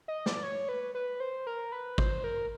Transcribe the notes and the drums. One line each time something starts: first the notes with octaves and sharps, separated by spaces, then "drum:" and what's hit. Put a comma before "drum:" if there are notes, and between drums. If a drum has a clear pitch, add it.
D#5
D5, drum: snare
C#5
B4
B4
C5
A#4
B4
C5, drum: kick
A#4